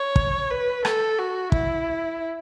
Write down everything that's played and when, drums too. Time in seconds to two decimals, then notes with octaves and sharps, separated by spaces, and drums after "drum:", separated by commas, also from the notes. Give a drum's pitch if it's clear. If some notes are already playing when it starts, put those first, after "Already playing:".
Already playing: C#5
0.16 drum: kick
0.50 B4
0.85 A4, drum: rim click
1.19 F#4
1.52 E4, drum: kick